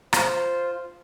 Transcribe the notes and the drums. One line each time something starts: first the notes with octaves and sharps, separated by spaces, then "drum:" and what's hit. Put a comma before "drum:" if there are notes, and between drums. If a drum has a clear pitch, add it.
F4 C5, drum: rim click